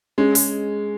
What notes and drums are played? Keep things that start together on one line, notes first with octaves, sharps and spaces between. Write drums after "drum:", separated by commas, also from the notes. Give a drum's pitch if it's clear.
G#3 C#4
G#3, drum: open hi-hat